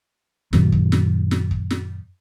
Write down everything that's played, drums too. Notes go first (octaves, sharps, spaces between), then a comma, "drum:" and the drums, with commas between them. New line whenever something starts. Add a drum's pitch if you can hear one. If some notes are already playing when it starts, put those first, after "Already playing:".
F#2 A#2 D#3 F#3, drum: snare
drum: kick
drum: snare
drum: snare
drum: kick
drum: snare